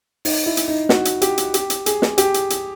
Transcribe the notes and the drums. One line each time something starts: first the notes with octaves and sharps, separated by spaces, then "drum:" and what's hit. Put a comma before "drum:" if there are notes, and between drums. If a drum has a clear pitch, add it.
D#4, drum: open hi-hat
E4
drum: hi-hat
D#4
F#4, drum: snare
drum: hi-hat
G4, drum: hi-hat
drum: hi-hat
G4, drum: hi-hat
drum: hi-hat
G#4, drum: hi-hat
drum: snare
G4, drum: hi-hat
drum: hi-hat
drum: hi-hat